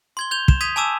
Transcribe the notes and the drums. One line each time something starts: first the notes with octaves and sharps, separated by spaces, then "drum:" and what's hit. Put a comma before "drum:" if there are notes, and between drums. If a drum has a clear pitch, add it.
C6 G#6 G7
G6 G#6 F7 G7
E7, drum: kick
D#6 G#6 B6 D#7 F7
G#5 A5 D6 E6 E7